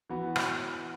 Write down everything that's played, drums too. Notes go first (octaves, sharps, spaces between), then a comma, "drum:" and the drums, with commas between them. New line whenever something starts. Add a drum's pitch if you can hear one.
E3 B3 F#4
drum: rim click